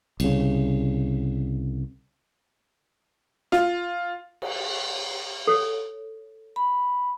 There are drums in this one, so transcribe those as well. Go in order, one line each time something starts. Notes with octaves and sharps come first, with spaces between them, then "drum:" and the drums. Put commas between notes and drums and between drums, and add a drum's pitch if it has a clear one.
C2 C#3, drum: cymbal
F4, drum: snare
drum: cymbal
A4 C#5
B5